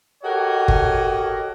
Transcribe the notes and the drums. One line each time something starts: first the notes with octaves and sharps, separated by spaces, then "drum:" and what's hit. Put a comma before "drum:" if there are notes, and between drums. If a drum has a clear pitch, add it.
F#4 G4 A4 A#4 C#5 D#5
drum: kick